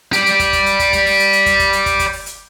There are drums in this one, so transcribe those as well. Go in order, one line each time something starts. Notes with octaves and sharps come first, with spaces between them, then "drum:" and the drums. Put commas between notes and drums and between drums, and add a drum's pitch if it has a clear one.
G4 D5, drum: hi-hat
drum: hi-hat
drum: kick, hi-hat
drum: kick, hi-hat
drum: hi-hat
drum: kick, hi-hat
drum: kick, hi-hat
drum: open hi-hat
drum: hi-hat
drum: hi-hat
drum: kick, hi-hat
drum: kick, hi-hat
drum: hi-hat
drum: kick, hi-hat
drum: kick, hi-hat
drum: open hi-hat
drum: hi-hat